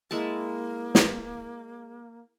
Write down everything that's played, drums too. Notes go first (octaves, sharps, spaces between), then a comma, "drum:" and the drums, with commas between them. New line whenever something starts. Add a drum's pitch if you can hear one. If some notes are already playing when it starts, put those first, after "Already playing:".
G#3 A#3 E4 A5
drum: snare